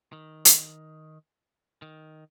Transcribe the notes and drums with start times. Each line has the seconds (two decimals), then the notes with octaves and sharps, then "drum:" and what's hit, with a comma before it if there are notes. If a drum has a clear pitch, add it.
0.13 D#3
0.45 drum: hi-hat
1.82 D#3